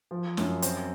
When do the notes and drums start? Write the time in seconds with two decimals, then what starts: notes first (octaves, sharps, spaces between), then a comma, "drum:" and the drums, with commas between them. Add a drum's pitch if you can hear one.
0.11 F3
0.37 F#2, drum: snare
0.62 C4, drum: hi-hat